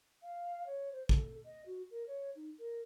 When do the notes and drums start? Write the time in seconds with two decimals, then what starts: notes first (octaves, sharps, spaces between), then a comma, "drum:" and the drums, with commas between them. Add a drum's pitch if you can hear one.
0.22 F5
0.67 C#5
0.92 C5
1.09 A4, drum: kick
1.45 D#5
1.66 F#4
1.91 A#4
2.07 C#5
2.36 D#4
2.59 A#4